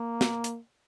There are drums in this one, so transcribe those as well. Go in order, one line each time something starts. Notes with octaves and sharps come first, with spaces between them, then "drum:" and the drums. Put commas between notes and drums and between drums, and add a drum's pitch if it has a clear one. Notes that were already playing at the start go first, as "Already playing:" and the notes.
Already playing: A#3
drum: snare
drum: hi-hat